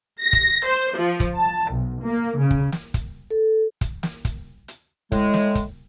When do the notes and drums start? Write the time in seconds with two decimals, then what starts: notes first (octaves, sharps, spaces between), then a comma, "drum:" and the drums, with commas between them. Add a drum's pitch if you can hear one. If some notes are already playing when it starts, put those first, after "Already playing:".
0.20 A#6
0.33 drum: kick, hi-hat
0.65 C5
0.97 F3
1.20 drum: kick, hi-hat
1.36 A5
1.72 B1
2.03 A#3
2.38 C#3
2.51 drum: kick
2.72 drum: snare
2.94 drum: kick, hi-hat
3.30 A4
3.81 drum: kick, hi-hat
4.03 drum: snare
4.25 drum: kick, hi-hat
4.68 drum: hi-hat
5.12 A2 G#3, drum: kick, hi-hat
5.34 drum: snare
5.55 drum: kick, hi-hat